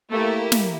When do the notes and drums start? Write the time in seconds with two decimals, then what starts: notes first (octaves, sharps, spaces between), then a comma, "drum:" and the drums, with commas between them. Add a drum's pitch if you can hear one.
0.11 A3 A#3 E4 G4
0.52 drum: snare